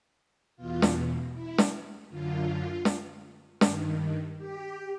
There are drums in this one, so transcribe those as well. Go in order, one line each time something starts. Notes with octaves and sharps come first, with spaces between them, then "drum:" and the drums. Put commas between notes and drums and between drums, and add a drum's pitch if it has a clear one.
E2 B2 F4
drum: snare
E4
drum: snare
F#2 D3 F4
drum: snare
G2 D#3, drum: snare
G4